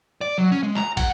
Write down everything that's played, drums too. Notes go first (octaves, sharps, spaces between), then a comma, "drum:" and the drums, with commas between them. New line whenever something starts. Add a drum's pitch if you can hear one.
D5
F#3
C#4
G#3
A#5, drum: clap
F#5, drum: kick, cymbal